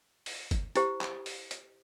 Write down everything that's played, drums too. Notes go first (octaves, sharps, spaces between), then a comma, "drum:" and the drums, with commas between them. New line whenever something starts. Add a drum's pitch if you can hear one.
drum: open hi-hat
drum: kick G1, hi-hat
E4 G4 C5, drum: hi-hat
drum: clap
drum: open hi-hat
drum: hi-hat